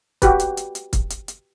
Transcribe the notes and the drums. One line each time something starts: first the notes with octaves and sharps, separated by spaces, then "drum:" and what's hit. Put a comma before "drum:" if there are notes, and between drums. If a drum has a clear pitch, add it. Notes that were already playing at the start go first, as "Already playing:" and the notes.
F#4 G4 B4, drum: kick, hi-hat
drum: hi-hat
drum: hi-hat
drum: hi-hat
drum: kick, hi-hat
drum: hi-hat
drum: hi-hat